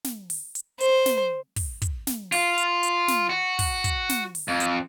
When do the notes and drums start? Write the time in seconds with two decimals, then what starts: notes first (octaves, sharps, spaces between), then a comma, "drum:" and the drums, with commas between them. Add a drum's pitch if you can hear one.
0.04 drum: snare
0.30 drum: open hi-hat
0.55 drum: hi-hat
0.80 C5, drum: hi-hat
1.06 drum: snare
1.56 drum: kick, open hi-hat
1.82 drum: kick, hi-hat
2.07 drum: snare
2.32 F4, drum: open hi-hat
2.58 drum: hi-hat
2.83 drum: hi-hat
3.08 drum: snare
3.30 F#4
3.59 drum: kick, open hi-hat
3.84 drum: kick, hi-hat
4.09 drum: snare
4.35 drum: open hi-hat
4.48 F2
4.60 drum: hi-hat